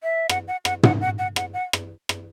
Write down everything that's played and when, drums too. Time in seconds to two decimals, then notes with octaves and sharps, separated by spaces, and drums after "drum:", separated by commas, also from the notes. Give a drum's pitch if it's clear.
0.03 E5
0.29 F#5, drum: rim click
0.48 F#5
0.65 F#5, drum: rim click
0.83 F#5, drum: tom
1.01 F#5
1.19 F#5
1.36 F#5, drum: rim click
1.54 F#5
1.73 drum: rim click
2.09 drum: rim click